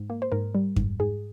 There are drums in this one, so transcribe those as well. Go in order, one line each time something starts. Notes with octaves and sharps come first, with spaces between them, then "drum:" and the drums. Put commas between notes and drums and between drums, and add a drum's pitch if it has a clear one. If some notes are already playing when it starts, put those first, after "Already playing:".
Already playing: G#2
A#3
C5
G#2 A#4
G3
G#2, drum: kick F2
G#2 G#4